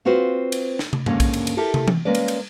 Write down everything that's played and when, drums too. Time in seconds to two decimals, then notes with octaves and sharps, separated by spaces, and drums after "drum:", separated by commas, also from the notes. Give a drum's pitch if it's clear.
0.05 C4 F4 F#4 B4 C5
0.52 drum: cymbal
0.79 drum: snare
0.93 drum: tom
1.06 D#2 G#2 D3 A#3 C#4, drum: tom G2
1.20 drum: kick A#1, cymbal
1.33 drum: cymbal
1.47 drum: cymbal
1.57 E4 G4 A4 A#4
1.74 drum: tom
1.88 drum: tom E3
2.05 G#3 A#3 C#4 B4 D5
2.15 drum: cymbal
2.28 drum: cymbal